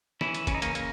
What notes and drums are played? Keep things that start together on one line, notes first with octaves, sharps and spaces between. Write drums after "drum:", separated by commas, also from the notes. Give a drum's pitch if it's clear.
E3 C#4 E4, drum: snare
drum: hi-hat
C#3 C#4, drum: kick, hi-hat
D#4
A#3 C#4, drum: hi-hat
A#3, drum: hi-hat